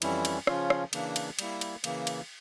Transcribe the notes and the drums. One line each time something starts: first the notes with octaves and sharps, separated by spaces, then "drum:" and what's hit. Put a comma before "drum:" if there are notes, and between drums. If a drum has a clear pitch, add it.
F2 E3 G3 C#4 E4, drum: cymbal
drum: cymbal
C#3 F3 C#4 F4 C#5, drum: rim click
drum: rim click
C#3 E3 A#3 D4, drum: cymbal
drum: cymbal
G3 A#3 E4, drum: cymbal
drum: cymbal
C#3 E3 A#3, drum: cymbal
drum: cymbal